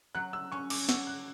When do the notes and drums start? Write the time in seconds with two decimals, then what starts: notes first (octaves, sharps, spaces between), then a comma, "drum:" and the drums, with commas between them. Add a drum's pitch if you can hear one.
0.15 F#3 F#6
0.33 E6
0.52 C#4 C#6
0.70 D6, drum: cymbal
0.89 F#4 E6, drum: snare
1.07 F#6